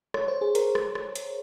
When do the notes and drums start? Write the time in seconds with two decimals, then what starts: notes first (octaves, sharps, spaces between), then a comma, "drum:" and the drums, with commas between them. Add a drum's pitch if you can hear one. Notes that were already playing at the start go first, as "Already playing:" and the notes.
0.14 C#5, drum: rim click
0.28 C5
0.41 G#4
0.55 A#4, drum: hi-hat
0.75 drum: rim click
0.95 drum: rim click
1.16 drum: hi-hat